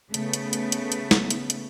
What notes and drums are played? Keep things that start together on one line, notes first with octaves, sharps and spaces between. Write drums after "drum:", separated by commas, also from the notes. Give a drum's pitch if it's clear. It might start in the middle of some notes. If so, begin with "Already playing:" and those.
C#3 A3 B3, drum: hi-hat
drum: hi-hat
drum: hi-hat
drum: hi-hat
drum: hi-hat
drum: snare
drum: hi-hat
drum: hi-hat